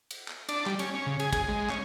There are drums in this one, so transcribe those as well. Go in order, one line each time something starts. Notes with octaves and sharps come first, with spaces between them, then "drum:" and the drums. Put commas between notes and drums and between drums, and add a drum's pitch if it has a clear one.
drum: cymbal
drum: clap
D4, drum: cymbal
G3, drum: clap
C#4, drum: cymbal
C#4
C#3
G#4, drum: cymbal
G#4, drum: kick, cymbal
G#3
C#4, drum: clap